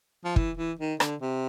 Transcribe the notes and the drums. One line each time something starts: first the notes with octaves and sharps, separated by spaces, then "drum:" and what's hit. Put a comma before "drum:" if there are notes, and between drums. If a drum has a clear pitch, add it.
F3
E3, drum: kick
E3
D#3
D3, drum: rim click
C3